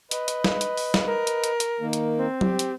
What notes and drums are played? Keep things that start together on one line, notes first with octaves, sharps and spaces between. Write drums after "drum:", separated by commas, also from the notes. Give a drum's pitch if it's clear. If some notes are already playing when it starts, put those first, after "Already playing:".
B4 D#5, drum: hi-hat
drum: hi-hat
drum: snare
drum: hi-hat
drum: open hi-hat
drum: snare
A#4
drum: hi-hat
drum: hi-hat
drum: hi-hat
D#3 A#3
drum: hi-hat
C4
G4, drum: tom F#3
drum: hi-hat